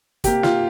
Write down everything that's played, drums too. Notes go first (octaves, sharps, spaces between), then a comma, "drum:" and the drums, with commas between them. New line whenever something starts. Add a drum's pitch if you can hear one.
C3 A#3 G4, drum: kick, hi-hat
F4, drum: snare